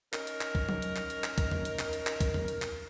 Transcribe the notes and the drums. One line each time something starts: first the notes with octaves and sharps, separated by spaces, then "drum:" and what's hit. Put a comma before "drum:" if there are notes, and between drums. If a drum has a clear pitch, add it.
C#4 D#4 A#4, drum: clap
drum: hi-hat
drum: clap
drum: kick
drum: tom F#3
drum: hi-hat
drum: clap
drum: hi-hat
drum: clap
drum: kick, hi-hat
drum: tom E2
drum: hi-hat
drum: clap
drum: hi-hat
drum: clap
drum: kick, hi-hat
drum: tom E2
drum: hi-hat
drum: clap